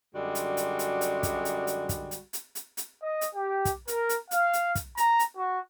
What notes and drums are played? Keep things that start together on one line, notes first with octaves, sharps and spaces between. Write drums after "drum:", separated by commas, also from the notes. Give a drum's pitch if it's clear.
F#2 D3 G3 G#3 F#4
drum: hi-hat
drum: hi-hat
drum: hi-hat
drum: hi-hat
drum: kick, hi-hat
drum: hi-hat
drum: hi-hat
drum: kick, hi-hat
drum: hi-hat
drum: hi-hat
drum: hi-hat
drum: hi-hat
D#5
drum: hi-hat
G4
drum: kick, hi-hat
A#4, drum: hi-hat
drum: hi-hat
F5, drum: hi-hat
drum: hi-hat
drum: kick, hi-hat
A#5, drum: hi-hat
drum: hi-hat
F#4